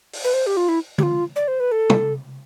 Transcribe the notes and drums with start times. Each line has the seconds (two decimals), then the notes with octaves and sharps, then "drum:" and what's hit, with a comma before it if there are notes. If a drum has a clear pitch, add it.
0.13 drum: open hi-hat
0.24 B4
0.34 C5
0.47 G4
0.57 F4
0.69 E4
0.98 G4, drum: tom D3
1.03 F4
1.36 D5
1.48 C5
1.60 B4
1.72 A4
1.90 drum: tom